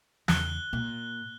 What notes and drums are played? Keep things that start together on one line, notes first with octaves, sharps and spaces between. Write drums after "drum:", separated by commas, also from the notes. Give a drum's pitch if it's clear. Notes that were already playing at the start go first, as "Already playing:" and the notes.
E2 C#3 F#6 G7, drum: snare
A#2 A#3